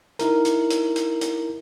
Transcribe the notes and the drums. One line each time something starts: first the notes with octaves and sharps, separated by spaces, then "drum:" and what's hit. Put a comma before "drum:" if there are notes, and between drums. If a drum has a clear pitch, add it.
D#4 E4 A#4, drum: hi-hat
drum: hi-hat
drum: hi-hat
drum: hi-hat
drum: hi-hat